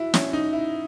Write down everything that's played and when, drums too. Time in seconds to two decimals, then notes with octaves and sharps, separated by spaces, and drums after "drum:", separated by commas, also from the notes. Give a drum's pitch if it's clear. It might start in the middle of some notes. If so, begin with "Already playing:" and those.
Already playing: E4 F#4
0.14 C#4, drum: snare
0.33 D#4
0.53 E4